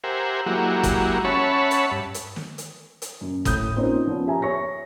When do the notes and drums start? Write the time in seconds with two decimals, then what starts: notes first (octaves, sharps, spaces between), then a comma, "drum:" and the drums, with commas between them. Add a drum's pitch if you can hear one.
0.04 G4 A#4 C5 E5 F#5 G#5
0.46 F#3 G#3 A#3 E4 F#4 G4
0.83 drum: kick, hi-hat
1.25 C#4 C#5 E5 F#5 A5 B5
1.71 drum: hi-hat
1.91 G2
2.14 drum: hi-hat
2.36 drum: snare
2.58 drum: hi-hat
3.02 drum: hi-hat
3.21 F#2
3.45 A2 D#6 G6, drum: kick, hi-hat
3.75 A#3 C4 C#4 D#4 F4
4.07 F3 B3 C#4
4.27 G4 E5 G#5 A#5
4.42 C#5 C#6 A#6